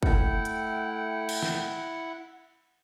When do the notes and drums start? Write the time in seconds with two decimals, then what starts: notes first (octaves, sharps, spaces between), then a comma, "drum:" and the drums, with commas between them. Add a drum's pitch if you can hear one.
0.03 A3 E4 F#5 G5, drum: kick
0.45 drum: hi-hat
1.29 drum: cymbal
1.43 drum: snare